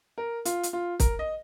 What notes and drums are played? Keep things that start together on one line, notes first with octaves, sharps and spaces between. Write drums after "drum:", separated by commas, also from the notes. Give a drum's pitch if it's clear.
A#4
F4, drum: hi-hat
drum: hi-hat
F4
A#4, drum: kick, hi-hat
D#5